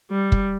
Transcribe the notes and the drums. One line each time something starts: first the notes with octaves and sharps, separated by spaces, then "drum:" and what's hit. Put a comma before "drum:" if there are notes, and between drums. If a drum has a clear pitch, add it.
G3
drum: kick